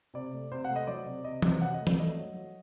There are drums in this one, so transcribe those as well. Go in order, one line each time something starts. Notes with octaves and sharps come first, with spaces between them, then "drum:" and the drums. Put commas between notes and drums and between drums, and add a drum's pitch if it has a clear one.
C3 D5
A3
C3 C5
F#5
A3
D#5
F#3 D5
C3
C3 D#5
C3, drum: tom E3
F#3 F#5
D#5
A3
D5, drum: tom E3
A3 D#5
F#3
F#3